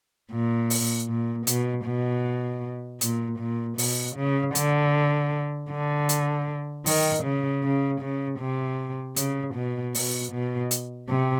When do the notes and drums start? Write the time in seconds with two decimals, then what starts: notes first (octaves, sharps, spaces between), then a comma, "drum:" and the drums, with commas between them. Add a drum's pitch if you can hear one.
0.32 A#2
0.70 drum: open hi-hat
1.09 A#2
1.47 B2, drum: hi-hat
1.86 B2
3.01 A#2, drum: hi-hat
3.39 A#2
3.78 B2, drum: open hi-hat
4.16 C#3
4.55 D3, drum: hi-hat
5.71 D3
6.09 drum: hi-hat
6.86 D#3, drum: open hi-hat
7.24 C#3
7.64 C#3
8.01 C#3
8.40 C3
9.16 C#3, drum: hi-hat
9.55 B2
9.95 B2, drum: open hi-hat
10.32 B2
10.71 drum: hi-hat
11.09 C3